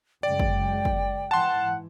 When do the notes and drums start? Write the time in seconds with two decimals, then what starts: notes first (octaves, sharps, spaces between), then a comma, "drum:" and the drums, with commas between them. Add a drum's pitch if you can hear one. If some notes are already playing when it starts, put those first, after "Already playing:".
0.23 F#2 C#3 G#3 D5 G5
0.39 drum: kick
0.85 drum: kick
1.31 G#2 E3 F#5 A5 C6